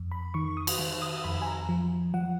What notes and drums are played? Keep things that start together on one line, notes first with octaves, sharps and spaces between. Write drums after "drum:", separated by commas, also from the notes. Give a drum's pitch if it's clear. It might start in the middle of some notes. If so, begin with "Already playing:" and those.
Already playing: F2
B5
D#3 C#6
D#6
drum: cymbal
D#3
D#6
F2 B5
G#5
A#5
F3
F3 F#5